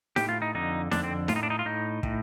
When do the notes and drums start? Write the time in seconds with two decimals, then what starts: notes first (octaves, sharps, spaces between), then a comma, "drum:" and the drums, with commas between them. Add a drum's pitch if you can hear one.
0.16 A2 G4, drum: snare D#4
0.29 F4
0.42 D#4
0.55 F2 D3 D#4
0.91 F2 D3 D4, drum: snare D#4
1.04 C4
1.28 A2 F4, drum: snare D#4
1.36 D#4
1.43 D4
1.50 D#4
1.59 F4
1.65 A2 D#4
2.03 A2, drum: kick